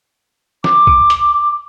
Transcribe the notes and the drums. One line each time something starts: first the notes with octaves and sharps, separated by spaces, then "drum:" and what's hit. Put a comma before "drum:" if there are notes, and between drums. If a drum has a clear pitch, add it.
D6, drum: snare
drum: kick B1
drum: hi-hat